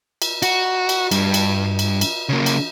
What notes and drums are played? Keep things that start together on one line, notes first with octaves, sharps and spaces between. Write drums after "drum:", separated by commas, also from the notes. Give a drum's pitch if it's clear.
drum: cymbal
F#4, drum: cymbal
drum: cymbal
G2, drum: cymbal
drum: cymbal
drum: cymbal
drum: cymbal
C#3 A#3
drum: cymbal